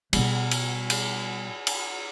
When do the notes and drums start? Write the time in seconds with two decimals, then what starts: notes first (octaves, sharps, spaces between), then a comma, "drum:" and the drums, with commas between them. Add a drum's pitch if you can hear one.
0.13 B2 G3, drum: cymbal
0.51 drum: cymbal
0.90 drum: cymbal
1.67 drum: cymbal